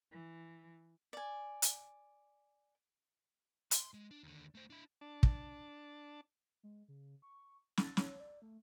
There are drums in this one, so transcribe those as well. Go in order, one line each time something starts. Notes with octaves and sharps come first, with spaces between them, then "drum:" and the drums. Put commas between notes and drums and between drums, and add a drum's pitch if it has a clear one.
E3
D5 G#5
drum: hi-hat
C6, drum: hi-hat
G#3
D4
D#2 D3
A3 C5
D4 E4
D4 A5
drum: kick
G#3
C#3
C#6
A6, drum: snare
C#5, drum: snare
D5
A3